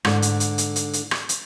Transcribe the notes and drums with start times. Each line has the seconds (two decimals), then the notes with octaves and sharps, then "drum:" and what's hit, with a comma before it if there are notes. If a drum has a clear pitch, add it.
0.05 G#2 D3, drum: rim click
0.22 drum: hi-hat
0.40 drum: hi-hat
0.58 drum: hi-hat
0.76 drum: hi-hat
0.93 drum: hi-hat
1.11 drum: rim click
1.29 drum: hi-hat